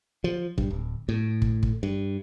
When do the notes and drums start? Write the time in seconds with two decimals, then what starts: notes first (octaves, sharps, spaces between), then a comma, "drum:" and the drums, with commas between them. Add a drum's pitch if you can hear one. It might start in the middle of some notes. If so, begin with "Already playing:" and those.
0.24 F3
0.58 G2, drum: kick
0.70 D1
1.09 A2
1.42 drum: kick
1.63 drum: kick
1.83 G2